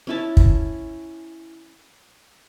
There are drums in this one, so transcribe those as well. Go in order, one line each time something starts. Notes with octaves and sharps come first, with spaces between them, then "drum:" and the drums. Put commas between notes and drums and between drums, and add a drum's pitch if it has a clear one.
C#4 E4 A5
drum: kick